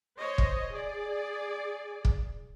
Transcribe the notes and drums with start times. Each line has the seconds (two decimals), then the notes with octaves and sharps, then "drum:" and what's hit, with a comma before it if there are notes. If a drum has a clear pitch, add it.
0.17 C5 C#5 D#5
0.38 drum: kick
0.71 G#4 D5
2.05 drum: kick